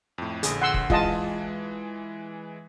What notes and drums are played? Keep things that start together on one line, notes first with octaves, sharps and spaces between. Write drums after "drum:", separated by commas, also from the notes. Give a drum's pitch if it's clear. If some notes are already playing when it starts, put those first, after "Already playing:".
F2 A2
A#1 D3 G#4, drum: hi-hat
F#5 C6 E6
drum: kick
E3 G#3 F4 D#5 A5, drum: kick